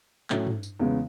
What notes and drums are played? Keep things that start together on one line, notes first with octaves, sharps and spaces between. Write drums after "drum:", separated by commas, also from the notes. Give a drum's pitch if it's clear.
A2 F#3 C#4 E4, drum: clap
drum: tom
drum: tambourine
E2 C#3 G#3 B3